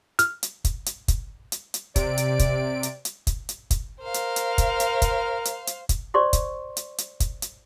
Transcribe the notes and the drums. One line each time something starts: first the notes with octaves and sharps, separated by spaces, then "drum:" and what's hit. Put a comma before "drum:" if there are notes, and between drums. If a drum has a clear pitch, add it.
F6, drum: hi-hat
drum: hi-hat
drum: kick, hi-hat
drum: hi-hat
drum: kick, hi-hat
drum: hi-hat
drum: hi-hat
C3 D5 D7, drum: kick, hi-hat
drum: hi-hat
drum: kick, hi-hat
drum: hi-hat
drum: hi-hat
drum: kick, hi-hat
drum: hi-hat
drum: kick, hi-hat
A#4 C5 F5
drum: hi-hat
drum: hi-hat
drum: kick, hi-hat
drum: hi-hat
drum: kick, hi-hat
drum: hi-hat
drum: hi-hat
drum: kick, hi-hat
C5 D5 C6 C#6
drum: kick, hi-hat
drum: hi-hat
drum: hi-hat
drum: kick, hi-hat
drum: hi-hat